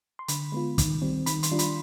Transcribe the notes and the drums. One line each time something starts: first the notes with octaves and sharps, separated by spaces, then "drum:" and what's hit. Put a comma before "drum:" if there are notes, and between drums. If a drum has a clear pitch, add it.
C6
D3 B5, drum: hi-hat
G#3 B3 F4
D#3, drum: kick, hi-hat
G3 C4
D#3 B5, drum: hi-hat
C6, drum: hi-hat
G3 D4 F4
B5, drum: hi-hat